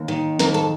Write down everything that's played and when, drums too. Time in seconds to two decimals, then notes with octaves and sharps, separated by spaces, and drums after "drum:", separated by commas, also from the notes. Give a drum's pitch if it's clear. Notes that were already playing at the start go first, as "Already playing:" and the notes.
Already playing: D#2
0.08 D#3
0.39 F2 A#4, drum: snare
0.54 A4